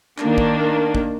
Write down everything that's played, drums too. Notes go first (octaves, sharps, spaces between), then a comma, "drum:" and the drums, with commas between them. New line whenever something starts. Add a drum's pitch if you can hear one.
D#3 A#3 D4, drum: clap
drum: kick
drum: kick